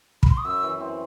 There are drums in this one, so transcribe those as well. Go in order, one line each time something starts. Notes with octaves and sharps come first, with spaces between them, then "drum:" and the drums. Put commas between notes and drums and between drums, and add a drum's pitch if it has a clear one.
B5, drum: kick
C6
D#6
F#2 E6
E3
C4